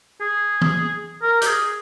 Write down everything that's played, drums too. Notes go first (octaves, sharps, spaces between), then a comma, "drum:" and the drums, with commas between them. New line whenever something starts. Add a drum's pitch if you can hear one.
G#4
drum: tom E3
A#4
G4, drum: hi-hat
G#4